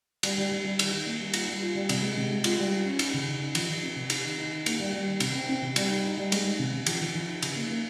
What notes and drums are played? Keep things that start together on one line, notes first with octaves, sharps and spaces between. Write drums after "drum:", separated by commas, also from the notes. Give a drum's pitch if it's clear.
G3, drum: cymbal
G3
G3
G3
D#3, drum: cymbal
D#3
A#3
G3
F4, drum: cymbal
G3
F4
G3
C3, drum: cymbal
G#3
C3
G#3
F4, drum: cymbal
G3
F4
C#4
D#4, drum: cymbal
C#3
C#3
D#4
F3, drum: cymbal
F3
C4
C3
D#4, drum: cymbal
D#3
D#4
D#3
A#3, drum: cymbal
G3
G3
D#3
C3, drum: cymbal
C4
C4
C3
G3, drum: cymbal
D#4
D#4
G3
G#3, drum: cymbal
G#3
C3
C3
F3, drum: cymbal
F3
F3
D#4
C#3, drum: cymbal
A#3
A#3